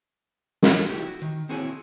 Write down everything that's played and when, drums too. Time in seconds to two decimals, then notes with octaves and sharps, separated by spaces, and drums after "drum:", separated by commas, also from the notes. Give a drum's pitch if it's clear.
0.63 drum: snare
0.90 D#4 E4 F#4 G4
1.07 F#4
1.22 D#3
1.49 C4 E4 F#4 G#4 A4 C#5